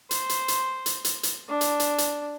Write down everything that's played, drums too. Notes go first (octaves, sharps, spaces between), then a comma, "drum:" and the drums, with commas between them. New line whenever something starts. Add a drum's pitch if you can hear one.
C5, drum: hi-hat
drum: hi-hat
drum: hi-hat
drum: hi-hat
drum: hi-hat
drum: hi-hat
D4
drum: hi-hat
drum: hi-hat
drum: hi-hat